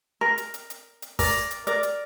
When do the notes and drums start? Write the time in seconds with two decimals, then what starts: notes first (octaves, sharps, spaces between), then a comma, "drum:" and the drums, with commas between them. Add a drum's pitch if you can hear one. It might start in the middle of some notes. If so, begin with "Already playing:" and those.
0.21 A#4
0.38 drum: hi-hat
0.54 drum: hi-hat
0.70 drum: hi-hat
1.02 drum: hi-hat
1.19 A#4 D5, drum: kick, open hi-hat
1.51 drum: hi-hat
1.67 A#4 D5, drum: hi-hat
1.83 drum: hi-hat